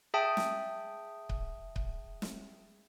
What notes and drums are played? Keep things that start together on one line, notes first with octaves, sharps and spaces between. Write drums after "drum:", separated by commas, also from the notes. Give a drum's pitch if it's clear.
G#4 E5 G5 A5 D#6
drum: snare
drum: kick C#1
drum: kick C#1
drum: snare